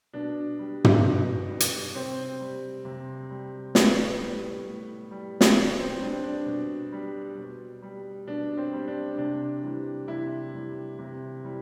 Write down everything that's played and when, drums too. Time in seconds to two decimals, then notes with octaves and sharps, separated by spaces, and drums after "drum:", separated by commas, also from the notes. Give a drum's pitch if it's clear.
0.13 B2 D4
0.59 G3
0.84 drum: tom
1.04 B2
1.50 G3
1.60 drum: hi-hat
1.95 C3 C4
2.40 G3
2.85 C3
3.30 G3
3.75 A2 B3, drum: snare
4.21 G3
4.66 A2
5.11 G3
5.41 drum: snare
5.57 B2
5.79 C4
6.01 G3 D4
6.23 D4
6.46 B2
6.92 G3
7.38 B2
7.82 G3
8.27 B2 D4
8.57 C4
8.73 G3
8.88 D4
9.18 C3 D4
9.63 E3 G3
10.08 C3 E4
10.54 E3 G3
10.99 C3
11.43 E3 G3